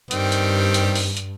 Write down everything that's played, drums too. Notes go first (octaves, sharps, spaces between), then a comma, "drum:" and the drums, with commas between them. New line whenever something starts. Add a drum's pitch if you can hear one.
G2 D#3 G3 C4, drum: hi-hat
drum: hi-hat
drum: hi-hat
drum: open hi-hat
drum: hi-hat